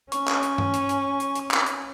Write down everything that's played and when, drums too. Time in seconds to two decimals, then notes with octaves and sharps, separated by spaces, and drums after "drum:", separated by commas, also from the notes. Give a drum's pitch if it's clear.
0.12 C#4 C#6, drum: hi-hat
0.27 drum: clap
0.43 drum: hi-hat
0.58 drum: tom G2
0.74 drum: hi-hat
0.89 drum: hi-hat
1.20 drum: hi-hat
1.35 drum: hi-hat
1.51 drum: clap
1.66 drum: hi-hat